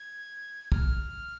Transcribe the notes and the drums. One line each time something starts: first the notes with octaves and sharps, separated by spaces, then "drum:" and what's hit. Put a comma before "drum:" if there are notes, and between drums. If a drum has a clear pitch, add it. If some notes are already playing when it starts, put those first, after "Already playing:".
Already playing: G#6
F6, drum: kick